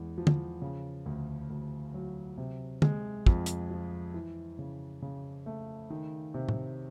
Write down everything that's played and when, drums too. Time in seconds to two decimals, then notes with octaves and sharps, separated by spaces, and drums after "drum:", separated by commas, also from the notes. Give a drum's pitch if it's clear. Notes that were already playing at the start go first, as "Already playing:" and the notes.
Already playing: E2 G#3
0.18 F3
0.27 drum: tom
0.62 C#3
1.06 D2
1.50 D2
1.94 F#3
2.38 C3
2.82 G#3, drum: tom
3.27 F2, drum: kick
3.46 drum: hi-hat
3.70 F3
4.14 E3
4.59 C#3
5.02 C#3
5.46 A3
5.90 D#3
6.34 C3
6.49 drum: tom